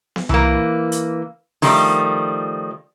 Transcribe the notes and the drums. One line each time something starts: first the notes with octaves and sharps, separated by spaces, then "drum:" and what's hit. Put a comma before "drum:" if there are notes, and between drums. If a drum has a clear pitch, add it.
drum: snare B3
E3 A#3, drum: tom C2
drum: hi-hat
D#3 F3 G3 A3, drum: open hi-hat